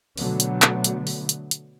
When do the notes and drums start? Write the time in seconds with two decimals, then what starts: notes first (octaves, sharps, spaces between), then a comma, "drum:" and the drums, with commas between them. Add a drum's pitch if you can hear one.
0.17 B2 D3 F#3 A3 B3, drum: open hi-hat
0.40 drum: hi-hat
0.62 drum: clap
0.84 drum: hi-hat
1.07 drum: open hi-hat
1.29 drum: hi-hat
1.51 drum: hi-hat